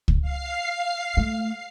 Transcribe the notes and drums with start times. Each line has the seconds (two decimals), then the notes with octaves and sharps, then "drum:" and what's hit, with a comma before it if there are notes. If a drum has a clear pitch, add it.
0.08 drum: kick C#2
0.22 F5 C7
1.17 A3